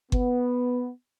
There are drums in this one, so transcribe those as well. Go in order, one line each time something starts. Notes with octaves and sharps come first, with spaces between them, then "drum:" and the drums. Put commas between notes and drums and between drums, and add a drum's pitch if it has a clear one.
B3, drum: kick G1